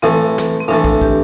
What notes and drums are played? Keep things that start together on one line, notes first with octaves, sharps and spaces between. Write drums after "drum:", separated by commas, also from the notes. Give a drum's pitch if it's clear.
A2 E3 A3 C4
drum: snare
C4
A2 E3 A3 D4
A4, drum: kick
G4, drum: kick